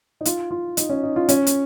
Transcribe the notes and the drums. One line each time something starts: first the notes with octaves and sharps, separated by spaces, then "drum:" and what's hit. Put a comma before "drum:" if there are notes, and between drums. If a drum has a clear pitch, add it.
D#4
F4, drum: hi-hat
F4
D#4, drum: hi-hat
C#4
D#4
F4
C#4, drum: hi-hat
drum: hi-hat